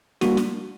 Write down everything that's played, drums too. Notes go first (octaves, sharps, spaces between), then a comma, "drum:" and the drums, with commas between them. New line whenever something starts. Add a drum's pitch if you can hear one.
G3 A#3 D4 F#4, drum: snare
drum: snare